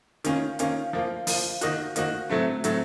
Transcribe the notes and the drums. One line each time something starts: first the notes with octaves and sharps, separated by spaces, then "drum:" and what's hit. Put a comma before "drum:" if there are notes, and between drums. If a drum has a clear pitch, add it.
D#3 A#3 C#4 F4, drum: hi-hat
D#3 A#3 C#4 F4, drum: hi-hat
F3 A#3 F4
F3 A#3 F4, drum: open hi-hat
D#3 A#3 D#4 F#4, drum: hi-hat
D#3 A#3 D#4 F#4, drum: hi-hat
A2 F#3 A3 C4
A2 F#3 A3 C4, drum: hi-hat